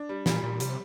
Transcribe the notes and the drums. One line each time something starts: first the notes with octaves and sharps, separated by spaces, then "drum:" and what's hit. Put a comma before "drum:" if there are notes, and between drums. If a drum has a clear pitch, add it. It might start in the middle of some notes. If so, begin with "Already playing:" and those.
Already playing: D4
G3
A#2 G3, drum: snare
A#2 G3
C3 G3, drum: hi-hat